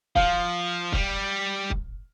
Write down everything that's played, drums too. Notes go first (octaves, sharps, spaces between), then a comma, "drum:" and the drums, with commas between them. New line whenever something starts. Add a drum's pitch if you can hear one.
F3 F5, drum: kick
G3, drum: kick
drum: kick